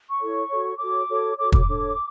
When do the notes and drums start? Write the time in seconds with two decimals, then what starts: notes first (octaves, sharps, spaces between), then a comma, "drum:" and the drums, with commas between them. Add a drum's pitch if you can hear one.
0.09 C#6
0.19 E4 A4 C#5
0.49 F#4 A4 C#5
0.78 F#4 A4 C#5 D6
1.08 F#4 A4 C#5
1.38 F#4 A4 C#5 D6
1.52 D6, drum: kick
1.67 D4 A4 C#5